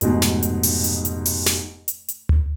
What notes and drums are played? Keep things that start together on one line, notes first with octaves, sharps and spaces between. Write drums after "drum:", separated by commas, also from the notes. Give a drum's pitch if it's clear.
F1 G#2 B2, drum: hi-hat
drum: snare
drum: hi-hat
drum: open hi-hat
drum: hi-hat
drum: hi-hat
drum: open hi-hat
drum: snare
drum: hi-hat
drum: hi-hat
drum: tom D2